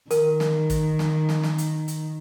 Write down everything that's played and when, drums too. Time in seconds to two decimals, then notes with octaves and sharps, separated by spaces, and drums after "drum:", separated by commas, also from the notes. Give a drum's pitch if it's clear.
0.11 D#3 A#4, drum: hi-hat
0.40 drum: snare
0.70 drum: kick, hi-hat
0.99 drum: snare
1.29 drum: snare
1.44 drum: snare
1.58 drum: hi-hat
1.88 drum: hi-hat